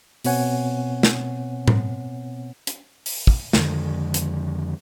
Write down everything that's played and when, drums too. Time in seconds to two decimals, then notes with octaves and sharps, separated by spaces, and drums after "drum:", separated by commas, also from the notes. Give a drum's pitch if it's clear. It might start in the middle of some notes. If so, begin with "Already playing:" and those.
0.24 B2 B3 C4 C#5 F#5 G#5, drum: open hi-hat
1.03 drum: snare
1.68 drum: tom A2
2.67 drum: hi-hat
3.06 drum: open hi-hat
3.27 drum: kick
3.53 F2 D3 D#3 G#3, drum: snare
4.14 drum: hi-hat